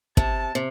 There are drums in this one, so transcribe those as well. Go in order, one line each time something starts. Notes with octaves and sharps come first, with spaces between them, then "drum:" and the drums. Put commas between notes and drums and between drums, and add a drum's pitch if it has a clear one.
C3 A5, drum: kick
C3